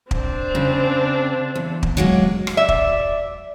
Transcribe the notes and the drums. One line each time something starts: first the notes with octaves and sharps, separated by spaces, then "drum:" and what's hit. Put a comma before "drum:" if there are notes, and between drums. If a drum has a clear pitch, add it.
C4 D4, drum: kick
C#3
E2
drum: kick
F#3 G#3 A#3
drum: rim click
D5 E5
drum: kick